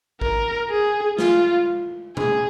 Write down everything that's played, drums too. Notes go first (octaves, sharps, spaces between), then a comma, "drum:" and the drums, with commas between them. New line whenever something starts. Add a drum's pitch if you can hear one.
A#4, drum: kick A1
G#4
F4, drum: snare
G#4, drum: tom